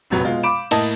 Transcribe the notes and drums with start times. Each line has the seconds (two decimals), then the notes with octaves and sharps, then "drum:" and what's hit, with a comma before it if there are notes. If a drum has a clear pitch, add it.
0.10 F1 A#1 C3 F#3 F#4 B4
0.24 B2 G#3 F4
0.43 F5 B5 D6 D7 E7
0.71 A2 A#3 E4 D#5 A5 A6, drum: cymbal